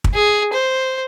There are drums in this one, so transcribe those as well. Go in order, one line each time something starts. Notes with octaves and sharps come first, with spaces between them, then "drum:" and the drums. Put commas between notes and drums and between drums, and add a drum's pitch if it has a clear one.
drum: kick
G#4
C5